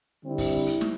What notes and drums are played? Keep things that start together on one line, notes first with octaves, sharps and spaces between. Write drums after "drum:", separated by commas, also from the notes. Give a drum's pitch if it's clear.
D3 G3 C4 E4
drum: kick, open hi-hat
drum: hi-hat
drum: snare